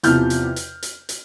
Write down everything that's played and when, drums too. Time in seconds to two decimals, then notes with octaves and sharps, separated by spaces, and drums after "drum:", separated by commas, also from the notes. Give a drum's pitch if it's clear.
0.03 E2 C3 F3 F6 G6, drum: hi-hat
0.30 drum: hi-hat
0.56 drum: hi-hat
0.83 drum: hi-hat
1.09 drum: hi-hat